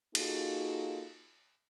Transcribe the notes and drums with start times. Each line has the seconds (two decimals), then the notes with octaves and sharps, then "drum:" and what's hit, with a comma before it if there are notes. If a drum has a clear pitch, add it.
0.15 A#3 D#4 F4 F#4 G#4 A4, drum: cymbal